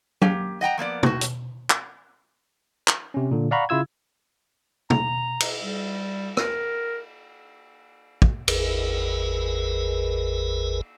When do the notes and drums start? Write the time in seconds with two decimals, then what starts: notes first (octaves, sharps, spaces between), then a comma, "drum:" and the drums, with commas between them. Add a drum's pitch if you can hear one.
0.22 A#3 G4, drum: tom F#3
0.61 D#5 F#5 G5 A#5
0.77 F3 A#3 B3 D5
1.03 A2 F#4, drum: tom
1.21 drum: hi-hat
1.70 drum: clap
2.88 drum: clap
3.14 C3 C#4
3.31 A#2 D3
3.51 D5 F5 F#5 A#5 B5 C#6
3.69 C#3 E4 F4 E6 G#6
4.90 A#5, drum: tom
5.40 drum: cymbal
5.62 G3
6.37 A#4, drum: rim click
8.22 drum: kick
8.48 G#1 E2 G#4 A#4 B4, drum: cymbal